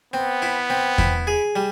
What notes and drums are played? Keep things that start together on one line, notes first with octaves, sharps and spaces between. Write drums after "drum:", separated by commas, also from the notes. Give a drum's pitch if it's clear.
B3 C4
E4
C4
E4, drum: kick E2
G#4
G3